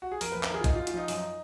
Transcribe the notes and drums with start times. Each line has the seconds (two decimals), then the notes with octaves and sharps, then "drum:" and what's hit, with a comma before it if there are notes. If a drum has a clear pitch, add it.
0.02 F#4
0.12 G#4
0.21 F2 A#4, drum: open hi-hat
0.32 F2 B4
0.43 A#4, drum: clap
0.50 D#3 G#4
0.60 F4
0.64 G#2 D#4, drum: kick, hi-hat
0.75 F4
0.79 G#2
0.87 F4, drum: hi-hat
0.94 F3 D#4
1.08 F#2, drum: open hi-hat